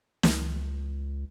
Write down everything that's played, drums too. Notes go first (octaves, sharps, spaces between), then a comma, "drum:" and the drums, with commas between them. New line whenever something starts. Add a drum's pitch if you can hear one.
C#2, drum: snare